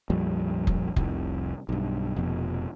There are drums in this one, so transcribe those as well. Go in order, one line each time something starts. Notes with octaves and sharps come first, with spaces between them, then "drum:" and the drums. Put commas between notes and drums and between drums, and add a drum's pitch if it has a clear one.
A#1 F2 G3
drum: kick F1
F1 C2, drum: kick F1
B1 G2
F1 F2 B2